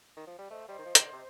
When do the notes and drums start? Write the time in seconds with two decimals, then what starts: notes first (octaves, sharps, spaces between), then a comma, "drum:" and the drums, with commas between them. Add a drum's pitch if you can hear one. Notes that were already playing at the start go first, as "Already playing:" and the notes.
0.17 D#3
0.27 F3
0.39 G3
0.50 A3 C5 D#5
0.62 F5
0.67 G3 C5 D#5
0.79 D#3
0.86 F3
0.95 D#3, drum: hi-hat
1.00 C3
1.04 D3
1.13 C3